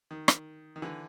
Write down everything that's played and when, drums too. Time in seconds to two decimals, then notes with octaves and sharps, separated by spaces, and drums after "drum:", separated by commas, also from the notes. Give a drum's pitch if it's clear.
0.11 D#3
0.28 drum: rim click
0.76 D#3
0.82 D3 E3